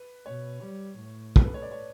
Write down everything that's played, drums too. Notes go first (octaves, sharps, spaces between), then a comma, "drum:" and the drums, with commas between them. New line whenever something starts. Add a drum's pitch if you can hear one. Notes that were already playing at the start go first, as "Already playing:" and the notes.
Already playing: B4
B2 C#5
G3
A2
A4, drum: kick
B4
C#5
D5
C#5